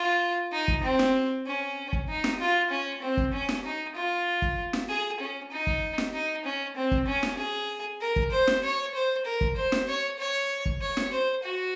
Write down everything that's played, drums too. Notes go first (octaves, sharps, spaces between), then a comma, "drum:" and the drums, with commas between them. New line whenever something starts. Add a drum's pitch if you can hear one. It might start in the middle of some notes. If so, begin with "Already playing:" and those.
Already playing: F4
D#4
drum: kick
C4
drum: snare
C#4
drum: kick
D#4
drum: snare
F4
C#4
C4
drum: kick
C#4
drum: snare
D#4
F4
drum: kick
drum: snare
G#4
C#4
D#4
drum: kick
drum: snare
D#4
C#4
C4
drum: kick
C#4
drum: snare
G#4
A#4
drum: kick
C5
drum: snare
C#5
C5
A#4
drum: kick
C5
drum: snare
C#5
C#5
drum: kick
C#5
drum: snare
C5
F#4